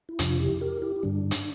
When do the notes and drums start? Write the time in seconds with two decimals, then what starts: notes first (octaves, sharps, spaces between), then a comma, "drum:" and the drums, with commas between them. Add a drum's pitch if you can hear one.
0.09 E4
0.19 F2 C3 F3 D4 F4, drum: hi-hat
0.40 E4 G4
0.61 G4 A#4
0.82 E4 G4
0.96 E4
1.03 G2 D3 G3 D4
1.31 drum: hi-hat